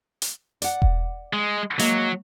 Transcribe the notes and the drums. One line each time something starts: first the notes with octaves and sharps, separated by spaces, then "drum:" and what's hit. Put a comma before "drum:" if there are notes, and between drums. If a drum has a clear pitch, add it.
drum: hi-hat
D5 F#5, drum: hi-hat
drum: kick E1
G#3
F#3 G#3 A#3, drum: hi-hat